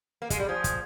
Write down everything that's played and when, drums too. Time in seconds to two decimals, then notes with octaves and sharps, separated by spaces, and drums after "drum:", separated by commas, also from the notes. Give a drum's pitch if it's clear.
0.22 A#3
0.30 G#3, drum: kick, hi-hat
0.40 G3
0.49 F3 G#4
0.64 drum: kick, hi-hat